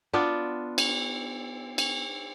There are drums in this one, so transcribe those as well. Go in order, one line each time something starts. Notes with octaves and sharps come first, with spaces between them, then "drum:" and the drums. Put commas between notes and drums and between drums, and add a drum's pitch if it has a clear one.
B3 D4 F4
drum: cymbal
drum: cymbal